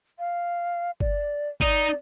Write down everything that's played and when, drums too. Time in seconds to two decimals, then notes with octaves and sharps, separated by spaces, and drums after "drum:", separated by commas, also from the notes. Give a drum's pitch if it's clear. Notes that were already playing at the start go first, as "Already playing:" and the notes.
0.19 F5
1.00 D5, drum: kick G1
1.61 D#4 D5, drum: kick G1